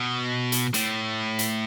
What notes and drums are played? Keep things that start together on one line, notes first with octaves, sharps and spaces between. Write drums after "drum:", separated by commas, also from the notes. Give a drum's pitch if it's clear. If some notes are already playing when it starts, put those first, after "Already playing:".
Already playing: B2
drum: hi-hat
A2, drum: hi-hat
drum: hi-hat